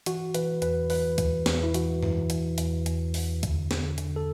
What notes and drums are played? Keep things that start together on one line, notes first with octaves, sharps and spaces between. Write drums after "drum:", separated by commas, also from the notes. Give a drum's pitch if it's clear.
E3 F#4, drum: hi-hat
E3 B4, drum: hi-hat
E2 B4, drum: hi-hat
E3 B4, drum: open hi-hat
E3, drum: kick D2, hi-hat
E2, drum: snare
E4
E3 F#4, drum: hi-hat
E3, drum: tom F#2
E3, drum: hi-hat
E2, drum: hi-hat
E2, drum: hi-hat
E2, drum: open hi-hat
D3, drum: kick D2, hi-hat
D3, drum: snare
D3, drum: hi-hat
A4